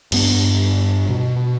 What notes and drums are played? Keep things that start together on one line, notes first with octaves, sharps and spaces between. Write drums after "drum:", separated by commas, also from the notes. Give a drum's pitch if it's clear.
G2 B3 D4, drum: cymbal
B2